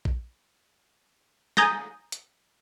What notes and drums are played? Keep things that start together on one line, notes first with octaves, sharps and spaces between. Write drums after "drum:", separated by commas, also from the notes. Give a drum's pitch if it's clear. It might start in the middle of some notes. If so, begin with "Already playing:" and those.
drum: kick A#1
G#5 A#5 D#6 G6 A6 A#6, drum: snare
drum: hi-hat